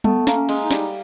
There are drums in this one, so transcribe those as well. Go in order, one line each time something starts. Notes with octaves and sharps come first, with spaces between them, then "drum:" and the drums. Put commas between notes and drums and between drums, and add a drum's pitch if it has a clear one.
A3 B3, drum: tom G3
A#3, drum: snare
C#4
G#3, drum: cymbal
D#4
G3, drum: snare